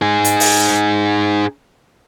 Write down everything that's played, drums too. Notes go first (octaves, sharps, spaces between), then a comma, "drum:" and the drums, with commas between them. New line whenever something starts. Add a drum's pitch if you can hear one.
D#4 G#4
drum: hi-hat
drum: open hi-hat